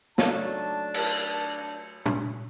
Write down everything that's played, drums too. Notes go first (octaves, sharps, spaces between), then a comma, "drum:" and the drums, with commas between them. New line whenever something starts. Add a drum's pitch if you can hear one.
F#3 A3 D4 D#4 A5, drum: snare
drum: cymbal
drum: tom